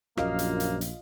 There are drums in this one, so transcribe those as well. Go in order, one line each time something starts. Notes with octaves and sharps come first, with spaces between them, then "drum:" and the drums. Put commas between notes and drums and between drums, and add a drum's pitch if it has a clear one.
A#1 F#2 A#3 F4 D#5 F5, drum: rim click
drum: hi-hat
drum: hi-hat
drum: hi-hat